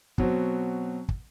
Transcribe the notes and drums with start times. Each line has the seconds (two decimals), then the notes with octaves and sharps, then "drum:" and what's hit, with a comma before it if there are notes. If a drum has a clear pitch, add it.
0.18 B2 F#3 C4, drum: kick
1.09 drum: kick